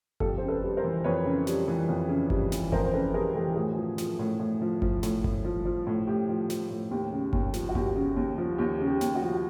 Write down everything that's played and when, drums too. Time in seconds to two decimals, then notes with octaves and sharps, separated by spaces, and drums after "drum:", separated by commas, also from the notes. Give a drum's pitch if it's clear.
0.20 F2 G4 A4, drum: kick G1
0.38 C#3 C5
0.48 A4 B4
0.63 G3
0.77 A#4 C5
0.84 E3
1.04 F2 B4 C#5
1.25 C#3
1.47 G3, drum: snare
1.68 E3
1.89 F2
2.09 C#3
2.30 G3, drum: kick G1
2.52 E3, drum: snare
2.72 F2 A#4 C5, drum: kick G1
2.86 C5
2.93 C#3 A4 B4
3.14 G3 G#4 A#4
3.35 E3 G4 A4
3.56 A2 F#4 G#4
3.76 F3
3.98 F3, drum: snare
4.19 A2
4.39 A2
4.61 F3
4.82 F3, drum: kick G1
5.03 A2, drum: snare
5.24 A2, drum: kick G1
5.45 F3
5.65 F3
5.87 A2
6.07 A2 G4
6.29 F3
6.50 F3, drum: snare
6.70 A2
6.91 D#2 G4
7.12 C#3
7.33 D#2, drum: kick G1
7.54 F3, drum: snare
7.69 F#4
7.75 D#2 G4, drum: kick G1
7.96 C#3
8.16 D#2
8.38 F3
8.58 D#2 G4
8.80 C#3
8.87 G4
9.01 D#2, drum: snare
9.15 F#4
9.22 F3